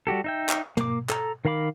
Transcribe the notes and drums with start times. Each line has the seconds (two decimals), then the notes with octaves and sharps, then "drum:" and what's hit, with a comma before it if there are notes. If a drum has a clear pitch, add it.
0.07 G3 F#4 G4 A4
0.24 D#4 E5 G5
0.49 drum: clap
0.77 A#3 D6, drum: tom
1.10 A4 A#5, drum: clap
1.45 D#3 A#4 F5 B5 D6